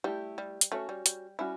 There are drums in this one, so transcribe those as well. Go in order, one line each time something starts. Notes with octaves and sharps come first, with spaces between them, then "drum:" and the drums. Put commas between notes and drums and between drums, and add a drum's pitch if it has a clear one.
G3 A3 E4 G4
G3
drum: hi-hat
A3 C#4 F#4 C#5
G3
G3, drum: hi-hat
G3 C#4 E4 F#4